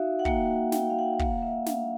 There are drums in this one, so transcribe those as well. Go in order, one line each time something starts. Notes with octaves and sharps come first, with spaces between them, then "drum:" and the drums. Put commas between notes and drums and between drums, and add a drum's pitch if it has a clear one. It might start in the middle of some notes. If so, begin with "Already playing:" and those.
Already playing: D#4 F#4 E5 F5
F#5
A#3 G5, drum: kick
A#3 G5, drum: snare
F#5
F5
F#5
F#5
A#3 F5, drum: kick
E5
D4 F5, drum: snare